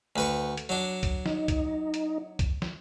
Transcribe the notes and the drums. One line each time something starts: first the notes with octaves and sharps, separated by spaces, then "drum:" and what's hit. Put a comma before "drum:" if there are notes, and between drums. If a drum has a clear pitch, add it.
D2 B4 C#6
drum: hi-hat
F#3 D4
drum: kick C2, hi-hat
D#4, drum: snare
drum: kick C2, hi-hat
drum: hi-hat
drum: kick C2, hi-hat
drum: snare